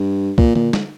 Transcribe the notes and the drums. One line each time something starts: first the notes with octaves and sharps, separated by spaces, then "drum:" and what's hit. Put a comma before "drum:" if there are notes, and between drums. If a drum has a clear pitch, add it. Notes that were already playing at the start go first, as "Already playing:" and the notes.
Already playing: G2
A#2, drum: kick C2
A#2, drum: tom D3
drum: snare